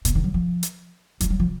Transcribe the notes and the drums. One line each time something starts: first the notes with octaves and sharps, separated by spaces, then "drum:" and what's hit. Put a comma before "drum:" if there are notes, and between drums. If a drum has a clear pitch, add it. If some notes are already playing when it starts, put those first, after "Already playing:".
A#2, drum: kick D#1, hi-hat
D#3
F#3
F3
drum: hi-hat
F3, drum: kick D#1, hi-hat
F#3
F3